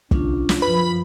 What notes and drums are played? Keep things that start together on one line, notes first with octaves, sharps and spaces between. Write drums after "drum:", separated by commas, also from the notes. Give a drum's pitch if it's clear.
C2 D3 C#4 D4 F4, drum: kick
drum: snare
F#2 F3 F4 B4 B5